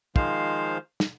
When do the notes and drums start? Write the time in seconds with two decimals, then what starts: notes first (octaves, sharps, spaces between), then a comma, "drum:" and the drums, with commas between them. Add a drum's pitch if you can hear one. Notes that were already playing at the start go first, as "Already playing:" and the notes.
0.16 D#3 F3 G#3 C5 F5, drum: kick
1.00 drum: snare